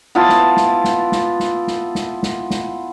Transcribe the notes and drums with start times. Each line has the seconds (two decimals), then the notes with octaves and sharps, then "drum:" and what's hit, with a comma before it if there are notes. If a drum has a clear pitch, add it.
0.15 B3 E4 F4 A5
0.29 drum: snare
0.57 drum: snare
0.84 drum: snare
1.12 drum: snare
1.40 drum: snare
1.67 drum: snare
1.95 drum: snare
2.23 drum: snare
2.50 drum: snare